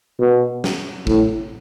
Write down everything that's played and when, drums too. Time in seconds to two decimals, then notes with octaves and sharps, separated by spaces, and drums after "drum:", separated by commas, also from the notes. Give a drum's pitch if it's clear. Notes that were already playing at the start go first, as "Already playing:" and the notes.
0.19 B2
0.64 drum: snare
1.07 A2, drum: kick